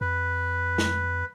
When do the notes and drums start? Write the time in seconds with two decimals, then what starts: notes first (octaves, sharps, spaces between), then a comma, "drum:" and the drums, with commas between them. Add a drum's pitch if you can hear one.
0.01 F2 B4
0.78 drum: snare